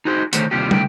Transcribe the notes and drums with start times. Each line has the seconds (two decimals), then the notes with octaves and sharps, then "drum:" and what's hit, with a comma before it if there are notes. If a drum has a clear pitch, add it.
0.05 D#4 F#4 G#4 C5
0.33 D3 D#3 A3 G#4 C5 C#5, drum: hi-hat
0.51 D#2 C3 G3 A#3 F4 G4
0.71 D2 C#3 A3 G5, drum: tom